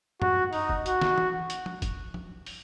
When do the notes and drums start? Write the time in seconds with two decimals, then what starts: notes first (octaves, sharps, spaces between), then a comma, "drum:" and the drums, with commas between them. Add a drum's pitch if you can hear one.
0.22 F#4, drum: tom
0.53 D#4, drum: open hi-hat
0.69 drum: kick
0.86 F#4, drum: hi-hat
1.02 drum: snare
1.18 drum: tom E3
1.50 drum: hi-hat
1.66 drum: tom
1.82 drum: kick, hi-hat
2.14 drum: tom
2.46 drum: open hi-hat